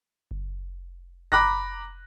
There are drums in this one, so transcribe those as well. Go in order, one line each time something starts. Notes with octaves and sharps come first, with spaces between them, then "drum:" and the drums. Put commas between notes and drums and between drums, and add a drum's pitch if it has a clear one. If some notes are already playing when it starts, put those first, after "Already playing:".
drum: kick F#1
A#5 B5 D6 F#6 A#6, drum: kick F#1